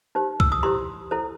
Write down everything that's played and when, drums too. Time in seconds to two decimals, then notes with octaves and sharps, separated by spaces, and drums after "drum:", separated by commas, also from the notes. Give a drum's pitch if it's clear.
0.15 D#4 G4 C5
0.40 E6, drum: kick C2
0.52 D#6
0.63 E4 G4 C5 C6
1.11 E4 A4 C5